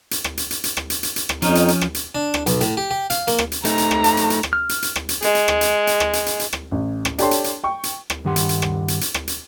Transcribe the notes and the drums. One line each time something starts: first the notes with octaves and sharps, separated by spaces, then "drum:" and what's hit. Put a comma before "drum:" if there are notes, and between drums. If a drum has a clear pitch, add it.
drum: hi-hat
drum: rim click
drum: hi-hat
drum: hi-hat
drum: hi-hat
drum: rim click
drum: hi-hat
drum: hi-hat
drum: hi-hat
drum: rim click
F2 F3 C#4 D#4, drum: hi-hat
drum: hi-hat
drum: hi-hat
drum: rim click
drum: hi-hat
D4
drum: rim click
B1, drum: hi-hat
A2, drum: hi-hat
G4
G4
F5, drum: hi-hat
A#3, drum: hi-hat
drum: rim click
drum: hi-hat
A3 D#4 A#5, drum: hi-hat
drum: hi-hat
drum: rim click
drum: hi-hat
drum: hi-hat
drum: hi-hat
drum: rim click
F6
drum: hi-hat
drum: hi-hat
drum: rim click
drum: hi-hat
G#3, drum: hi-hat
drum: hi-hat
drum: rim click
drum: hi-hat
drum: hi-hat
drum: rim click
drum: hi-hat
drum: hi-hat
drum: hi-hat
drum: rim click
A1
drum: rim click
D4 G4 A4 C#5 A5 C6, drum: hi-hat
drum: hi-hat
drum: hi-hat
G5 C#6
drum: hi-hat
drum: rim click
G2 D#3 G4 F#5 C6
drum: hi-hat
drum: hi-hat
drum: rim click
drum: hi-hat
drum: hi-hat
drum: rim click
drum: hi-hat